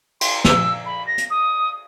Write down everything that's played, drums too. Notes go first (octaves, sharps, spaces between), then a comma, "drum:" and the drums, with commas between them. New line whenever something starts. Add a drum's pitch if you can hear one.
C6, drum: cymbal
E6, drum: snare
B5
A#6
drum: hi-hat
D#6